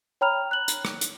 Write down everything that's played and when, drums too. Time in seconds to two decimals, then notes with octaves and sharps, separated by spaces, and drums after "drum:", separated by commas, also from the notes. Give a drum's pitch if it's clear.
0.21 C#5 G5 A#5 B5 F6 F7
0.51 F#6 F#7
0.68 drum: hi-hat
0.85 drum: rim click
1.01 drum: hi-hat